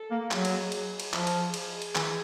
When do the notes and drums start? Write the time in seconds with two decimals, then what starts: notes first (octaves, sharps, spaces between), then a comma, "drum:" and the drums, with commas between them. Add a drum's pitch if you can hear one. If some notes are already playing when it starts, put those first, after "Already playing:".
Already playing: A4
0.11 A#3
0.31 F#3 G#4, drum: clap
0.45 drum: cymbal
0.72 G#4, drum: cymbal
1.00 drum: cymbal
1.13 F3, drum: clap
1.27 drum: cymbal
1.54 G#4, drum: cymbal
1.82 drum: cymbal
1.95 E3, drum: clap